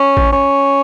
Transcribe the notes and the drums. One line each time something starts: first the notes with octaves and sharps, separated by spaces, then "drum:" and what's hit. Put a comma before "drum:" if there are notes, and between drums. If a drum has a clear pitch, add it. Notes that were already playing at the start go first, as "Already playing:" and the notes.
Already playing: C#4
drum: kick A1
C#4